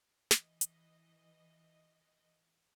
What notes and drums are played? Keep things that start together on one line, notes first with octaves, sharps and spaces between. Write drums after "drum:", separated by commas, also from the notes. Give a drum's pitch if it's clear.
E3 D#5, drum: snare
drum: hi-hat